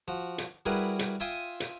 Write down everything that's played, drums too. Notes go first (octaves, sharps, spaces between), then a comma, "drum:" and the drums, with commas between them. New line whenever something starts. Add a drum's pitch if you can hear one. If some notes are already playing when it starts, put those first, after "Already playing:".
F3 F#4
drum: hi-hat
G3 E4 F#4 G#4 A#4 B4
drum: hi-hat
F4 E5 G5 G#5 C6 D#6
drum: hi-hat